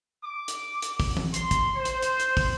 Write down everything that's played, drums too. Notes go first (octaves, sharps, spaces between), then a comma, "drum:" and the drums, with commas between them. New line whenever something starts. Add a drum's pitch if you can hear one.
D6
drum: hi-hat
drum: hi-hat
drum: kick, open hi-hat
drum: tom E3
C6, drum: hi-hat
drum: kick, hi-hat
C5
drum: hi-hat
drum: hi-hat
drum: hi-hat
drum: kick, open hi-hat